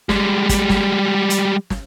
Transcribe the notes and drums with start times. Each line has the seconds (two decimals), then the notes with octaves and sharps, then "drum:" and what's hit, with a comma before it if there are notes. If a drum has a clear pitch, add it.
0.09 G3 G#3, drum: snare
0.49 drum: kick, hi-hat
0.69 drum: snare
1.30 drum: hi-hat
1.70 drum: snare